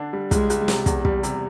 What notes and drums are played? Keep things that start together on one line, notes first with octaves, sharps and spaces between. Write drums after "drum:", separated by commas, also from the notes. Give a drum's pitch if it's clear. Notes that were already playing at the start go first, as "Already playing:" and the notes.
Already playing: D3 D4
G3
C#2 G#3, drum: kick, hi-hat
C#2, drum: hi-hat
C3, drum: snare
E2, drum: kick, hi-hat
G3, drum: kick
C3, drum: hi-hat